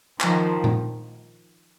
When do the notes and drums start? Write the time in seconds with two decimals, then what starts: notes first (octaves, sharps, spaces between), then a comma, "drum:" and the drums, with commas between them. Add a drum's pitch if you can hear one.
0.20 D#3 F3, drum: clap
0.64 drum: tom A#2